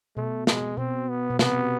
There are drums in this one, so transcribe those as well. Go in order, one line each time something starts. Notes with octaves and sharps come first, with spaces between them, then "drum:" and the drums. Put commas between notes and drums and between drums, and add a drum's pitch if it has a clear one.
B2 A3
G#3, drum: snare
B2 C4
B3
B2
C3 B3, drum: snare